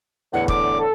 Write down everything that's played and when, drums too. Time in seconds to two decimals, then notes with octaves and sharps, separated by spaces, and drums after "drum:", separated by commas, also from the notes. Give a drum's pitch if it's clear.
0.33 E2 A2 D3 F#5
0.48 D6, drum: kick
0.78 A4